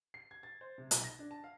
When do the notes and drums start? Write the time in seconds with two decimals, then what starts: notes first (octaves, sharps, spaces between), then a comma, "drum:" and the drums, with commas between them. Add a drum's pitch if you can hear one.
0.14 C7
0.31 G#6
0.43 A6
0.61 C5
0.78 C3
0.91 B1, drum: hi-hat
1.04 A#6
1.19 D4
1.31 A5
1.44 F5